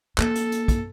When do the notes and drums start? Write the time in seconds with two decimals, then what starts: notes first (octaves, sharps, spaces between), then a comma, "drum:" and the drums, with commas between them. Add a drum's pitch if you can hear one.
0.18 A#3 A4, drum: clap
0.35 drum: hi-hat
0.52 drum: hi-hat
0.68 drum: kick, hi-hat